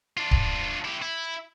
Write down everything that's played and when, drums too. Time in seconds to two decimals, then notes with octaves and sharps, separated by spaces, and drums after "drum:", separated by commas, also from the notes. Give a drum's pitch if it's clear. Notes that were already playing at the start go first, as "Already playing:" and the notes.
0.17 D4 F4
0.31 drum: kick
0.85 E4 G4
1.02 E4